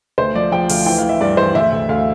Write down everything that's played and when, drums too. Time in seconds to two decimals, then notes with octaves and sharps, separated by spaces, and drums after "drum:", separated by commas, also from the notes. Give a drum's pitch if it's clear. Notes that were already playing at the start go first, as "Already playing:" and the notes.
0.18 D2 C5
0.35 F3 D5
0.52 F3 G5
0.69 D2 F5, drum: open hi-hat
0.86 E3 G5
0.98 E3 F5
1.09 E5
1.21 G2 D5
1.37 E3 C5
1.54 D2 E5
1.72 D2
1.89 D2 F5